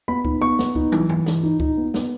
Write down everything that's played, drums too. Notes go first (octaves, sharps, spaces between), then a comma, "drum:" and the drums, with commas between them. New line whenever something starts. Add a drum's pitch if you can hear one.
B3 B5
D#4, drum: kick C#2
B3 C#6
B3, drum: snare
D#4, drum: kick C#2
E3, drum: tom
E3, drum: tom
E3, drum: snare
D#4
D#4, drum: kick C#2
B3
B3, drum: snare